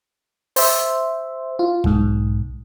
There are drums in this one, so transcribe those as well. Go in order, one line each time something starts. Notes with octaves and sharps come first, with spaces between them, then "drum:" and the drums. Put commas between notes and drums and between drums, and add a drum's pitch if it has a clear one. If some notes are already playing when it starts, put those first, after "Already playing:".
C5 E5, drum: open hi-hat
F4
B1 G#2, drum: kick